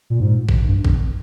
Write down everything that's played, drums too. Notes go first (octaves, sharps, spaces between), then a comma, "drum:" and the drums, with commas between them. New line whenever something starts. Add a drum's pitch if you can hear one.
A#2
G#2
drum: kick
G2
F2, drum: kick